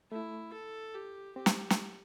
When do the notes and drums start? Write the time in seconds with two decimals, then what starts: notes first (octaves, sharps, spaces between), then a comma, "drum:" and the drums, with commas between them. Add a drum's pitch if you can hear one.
0.11 A3 E4
0.53 A4
0.94 G4
1.36 C4 G4
1.46 drum: snare
1.70 drum: snare